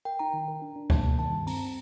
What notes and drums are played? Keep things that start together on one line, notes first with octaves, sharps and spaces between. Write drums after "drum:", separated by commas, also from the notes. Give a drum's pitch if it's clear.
A#4 G5
D#4 A#5
D#3
A#4
D4
D4
A#3 A5, drum: kick C#2
G3
D#3 A5
G2
C4 A#5, drum: open hi-hat